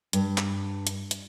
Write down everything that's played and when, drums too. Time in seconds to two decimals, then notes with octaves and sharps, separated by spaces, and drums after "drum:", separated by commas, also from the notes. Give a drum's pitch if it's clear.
0.13 G2, drum: hi-hat
0.38 drum: clap
0.87 drum: hi-hat
1.11 drum: hi-hat